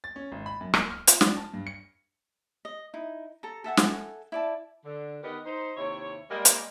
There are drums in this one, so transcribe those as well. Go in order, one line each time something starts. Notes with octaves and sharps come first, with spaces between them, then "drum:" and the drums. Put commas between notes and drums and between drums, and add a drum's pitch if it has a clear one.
A6
C#4
G#1
B5
F#2
A#3, drum: rim click
F6
F4, drum: hi-hat
D4, drum: snare
A5
G2
C#7
D#5
D#4 E4
A4 A#5
A4 E5 F#5 G#5
drum: snare
E4 D5 A5
D3
D#3 B3 G4 A#4 B4 D#5
D#4 C5
D#2 C3 E4 C#5
G3 G#3 A#3
drum: hi-hat